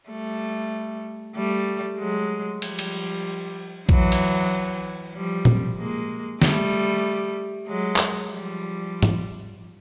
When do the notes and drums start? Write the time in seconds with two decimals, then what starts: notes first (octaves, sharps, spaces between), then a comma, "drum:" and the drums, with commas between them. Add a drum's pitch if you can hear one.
0.09 G3 A3
1.36 G3 A3
1.99 F#3 G#3
2.62 F3 G3, drum: cymbal
2.79 drum: cymbal
3.89 E3 F#3, drum: kick A#1
4.12 drum: cymbal
5.15 F3 G3
5.45 drum: tom A#2
5.78 G#3 A#3
6.42 G3 A3, drum: snare
7.67 F#3 G#3
7.96 drum: clap
8.31 F3 G3
9.03 drum: tom G#2